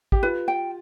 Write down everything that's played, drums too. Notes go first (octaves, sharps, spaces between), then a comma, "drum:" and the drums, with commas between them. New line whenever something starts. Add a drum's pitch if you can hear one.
G4, drum: kick
F4 B4
G5